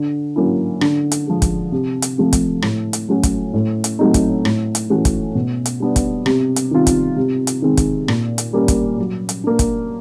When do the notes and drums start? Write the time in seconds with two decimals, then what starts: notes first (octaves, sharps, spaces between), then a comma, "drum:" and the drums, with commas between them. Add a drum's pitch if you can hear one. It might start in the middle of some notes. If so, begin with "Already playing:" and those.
Already playing: D3
0.36 F#3 A#3 C#4 E4
0.81 D3, drum: rim click
1.12 drum: hi-hat
1.27 F3 G#3
1.42 drum: kick, hi-hat
1.72 C3
2.02 drum: hi-hat
2.18 F3 A3 C4
2.33 drum: kick, hi-hat
2.62 A2, drum: rim click
2.93 drum: hi-hat
3.09 F#3 A3 C#4 F#4
3.23 drum: kick, hi-hat
3.54 A2
3.84 drum: hi-hat
3.99 F#3 A3 C4 D#4
4.14 drum: kick, hi-hat
4.45 A2, drum: rim click
4.75 drum: hi-hat
4.90 E3 A3 C#4 F#4
5.05 drum: kick, hi-hat
5.35 B2
5.66 drum: hi-hat
5.80 G3 B3 D4
5.96 drum: kick, hi-hat
6.26 C3, drum: rim click
6.56 drum: hi-hat
6.71 D#3 G3 C4 F4
6.87 drum: kick, hi-hat
7.16 C3
7.47 drum: hi-hat
7.62 D#3 G#3 C4
7.77 drum: kick, hi-hat
8.08 A#2, drum: rim click
8.38 drum: hi-hat
8.53 G3 A#3 C#4
8.68 drum: kick, hi-hat
8.98 F#3
9.29 drum: hi-hat
9.44 A#3 D4
9.59 drum: kick, hi-hat